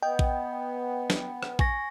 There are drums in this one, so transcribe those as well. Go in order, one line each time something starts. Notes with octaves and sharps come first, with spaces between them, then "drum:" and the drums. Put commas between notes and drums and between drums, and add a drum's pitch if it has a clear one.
B3 D#5 G5
drum: kick A#1
drum: snare
drum: rim click
G#5 C#6 A#6, drum: kick A#1